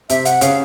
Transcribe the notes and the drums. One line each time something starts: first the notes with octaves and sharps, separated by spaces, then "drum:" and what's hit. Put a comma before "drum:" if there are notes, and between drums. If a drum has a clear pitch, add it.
C3 C4 E5, drum: hi-hat
F#5, drum: hi-hat
C#3 C#4 F5, drum: hi-hat